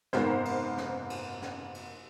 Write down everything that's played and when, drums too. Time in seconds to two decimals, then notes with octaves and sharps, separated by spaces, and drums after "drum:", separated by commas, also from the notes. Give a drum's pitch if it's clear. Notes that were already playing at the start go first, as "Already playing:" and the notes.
0.13 F#1 G#2 C3 B3 A#4 C5, drum: snare
0.45 drum: cymbal
0.78 drum: snare
1.10 drum: cymbal
1.42 drum: snare
1.74 drum: cymbal